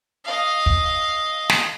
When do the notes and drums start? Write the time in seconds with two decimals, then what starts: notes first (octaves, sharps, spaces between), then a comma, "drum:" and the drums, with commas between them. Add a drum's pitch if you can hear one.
0.25 D#5 F5
0.66 drum: kick
1.49 drum: snare